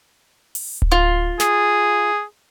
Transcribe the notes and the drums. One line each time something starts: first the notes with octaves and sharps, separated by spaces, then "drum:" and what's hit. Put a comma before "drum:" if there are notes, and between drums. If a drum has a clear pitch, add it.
drum: open hi-hat
drum: kick D1
F4
G#4, drum: snare